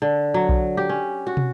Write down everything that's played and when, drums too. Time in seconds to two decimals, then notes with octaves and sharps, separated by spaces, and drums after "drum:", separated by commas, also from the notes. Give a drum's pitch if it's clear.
0.02 D3
0.34 F#3
0.49 drum: kick B1
0.77 G4
0.89 C#4
1.27 F#4
1.37 drum: tom